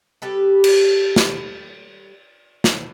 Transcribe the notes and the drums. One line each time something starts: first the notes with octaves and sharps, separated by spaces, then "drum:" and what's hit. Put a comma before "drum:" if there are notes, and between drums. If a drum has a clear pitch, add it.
G3 G4 A4 B4
drum: cymbal
drum: snare
drum: snare